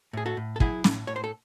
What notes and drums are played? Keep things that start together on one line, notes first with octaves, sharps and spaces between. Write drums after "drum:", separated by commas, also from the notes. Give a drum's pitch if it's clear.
A2 G#4
F#4 A4
A2
A4
F#3 E4 G#4, drum: kick
A2, drum: snare
A2 C#5
C5
A4